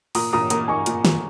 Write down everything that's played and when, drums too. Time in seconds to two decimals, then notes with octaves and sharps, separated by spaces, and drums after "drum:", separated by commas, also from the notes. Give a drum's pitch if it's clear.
0.15 A#2 A#5 D#6, drum: open hi-hat
0.33 A#2 A#5 D#6
0.50 A#3 A#5 D#6, drum: hi-hat
0.68 D#4 G#5 C#6
0.86 A#2, drum: hi-hat
1.05 A#2, drum: snare